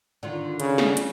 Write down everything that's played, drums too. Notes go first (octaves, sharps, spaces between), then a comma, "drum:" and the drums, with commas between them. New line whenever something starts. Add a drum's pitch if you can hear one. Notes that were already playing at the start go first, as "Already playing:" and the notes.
D3 D#3 F4
C#3, drum: hi-hat
drum: snare
drum: hi-hat